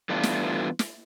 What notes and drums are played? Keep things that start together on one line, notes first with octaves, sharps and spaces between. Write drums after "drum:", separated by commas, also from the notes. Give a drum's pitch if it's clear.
E3 G3 A3 B3 D4 F4
drum: snare
drum: snare